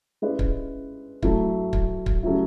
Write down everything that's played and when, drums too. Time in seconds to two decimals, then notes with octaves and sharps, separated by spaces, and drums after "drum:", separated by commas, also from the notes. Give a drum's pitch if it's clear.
0.22 G#3 C#4 E4 B4 D5
0.39 drum: kick
1.23 F#3 A3 E4, drum: kick
1.73 drum: kick
2.06 drum: kick
2.23 C#3 F#3 A3 E4